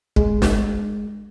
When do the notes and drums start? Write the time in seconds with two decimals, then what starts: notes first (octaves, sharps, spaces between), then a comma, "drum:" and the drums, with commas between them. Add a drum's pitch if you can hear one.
0.16 G#3, drum: kick
0.42 drum: snare